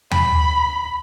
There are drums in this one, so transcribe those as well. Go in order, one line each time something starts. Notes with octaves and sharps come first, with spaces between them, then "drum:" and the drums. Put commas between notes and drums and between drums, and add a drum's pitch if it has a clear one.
B5, drum: tom D#2